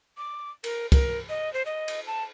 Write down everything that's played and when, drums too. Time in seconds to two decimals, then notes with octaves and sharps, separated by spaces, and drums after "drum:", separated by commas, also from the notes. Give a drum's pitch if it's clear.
0.17 D6
0.64 A#4, drum: cymbal
0.92 A#4, drum: kick C2, cymbal
1.29 D#5
1.54 C5
1.66 D#5
1.88 drum: cymbal
2.07 A5